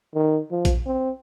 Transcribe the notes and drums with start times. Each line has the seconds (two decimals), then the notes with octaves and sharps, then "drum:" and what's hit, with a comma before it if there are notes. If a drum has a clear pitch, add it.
0.14 D#3
0.51 F3
0.65 drum: kick A#1, hi-hat
0.86 C4